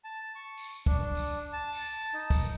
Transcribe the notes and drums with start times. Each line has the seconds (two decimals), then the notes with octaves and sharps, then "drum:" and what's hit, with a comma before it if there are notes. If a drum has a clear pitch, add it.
0.04 A5
0.35 C#6
0.58 drum: tambourine
0.86 D4, drum: kick
1.15 drum: tambourine
1.53 A5
1.73 drum: tambourine
2.14 D#4
2.30 drum: kick, tambourine